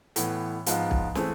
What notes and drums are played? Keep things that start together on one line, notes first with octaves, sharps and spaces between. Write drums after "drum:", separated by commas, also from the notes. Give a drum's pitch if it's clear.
A2 E3 B3, drum: hi-hat
G#2 F3 B3 F4, drum: hi-hat
drum: kick
E3 A3 C4 G#4, drum: snare